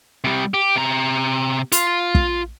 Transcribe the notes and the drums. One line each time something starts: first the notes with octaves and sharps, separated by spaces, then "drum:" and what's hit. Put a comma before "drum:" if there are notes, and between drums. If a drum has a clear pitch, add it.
C3 G3
G4
C3 A#5
F4, drum: hi-hat
drum: kick